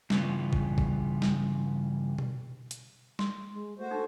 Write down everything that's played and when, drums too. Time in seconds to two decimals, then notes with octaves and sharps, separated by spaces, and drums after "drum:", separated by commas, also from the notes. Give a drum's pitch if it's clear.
0.10 G2 C#3 E3 B3 C#4 F4, drum: snare G3
0.53 drum: kick
0.78 drum: kick
1.22 drum: snare G3
2.18 drum: tom B2
2.71 drum: hi-hat
3.19 C6, drum: snare G3
3.51 G#3
3.79 A3 F#4 C5
3.91 D4 D#4 A4